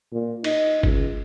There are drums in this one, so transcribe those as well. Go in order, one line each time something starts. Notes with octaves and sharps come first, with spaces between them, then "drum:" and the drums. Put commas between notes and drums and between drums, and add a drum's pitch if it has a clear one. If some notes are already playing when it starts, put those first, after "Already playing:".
A#2
D#4, drum: cymbal
C#2, drum: kick